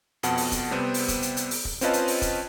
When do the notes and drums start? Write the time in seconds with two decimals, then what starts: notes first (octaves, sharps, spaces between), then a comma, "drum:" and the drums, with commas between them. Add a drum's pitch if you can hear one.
0.23 F2 B2 F#5 A5, drum: hi-hat
0.37 drum: open hi-hat
0.52 drum: kick, hi-hat
0.71 C3 G3 B3 C4
0.94 drum: open hi-hat
1.08 drum: kick, hi-hat
1.22 drum: hi-hat
1.37 drum: hi-hat
1.51 drum: open hi-hat
1.65 drum: kick
1.81 C4 C#4 F4 B4 D#5 A5, drum: hi-hat
1.93 drum: hi-hat
2.08 drum: open hi-hat
2.22 drum: kick, hi-hat